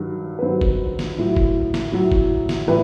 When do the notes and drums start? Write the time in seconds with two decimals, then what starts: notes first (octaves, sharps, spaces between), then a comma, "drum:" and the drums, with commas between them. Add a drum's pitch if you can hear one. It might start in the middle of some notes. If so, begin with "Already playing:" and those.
Already playing: G2 D#3 F#3
0.39 B4
0.42 G2 D#3 F#3 C5
0.61 drum: kick F#1
0.99 drum: snare
1.18 A2 F#3
1.37 drum: kick F#1
1.74 drum: snare
1.92 A2 F#3
2.12 drum: kick F#1
2.49 drum: snare
2.68 A2 E3 G3 B4